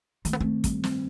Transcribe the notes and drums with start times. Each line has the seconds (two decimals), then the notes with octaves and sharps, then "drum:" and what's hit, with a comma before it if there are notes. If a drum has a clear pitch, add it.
0.25 D#3 A3, drum: hi-hat
0.33 B3
0.41 A3 C4
0.64 G3, drum: kick, hi-hat
0.84 C4, drum: snare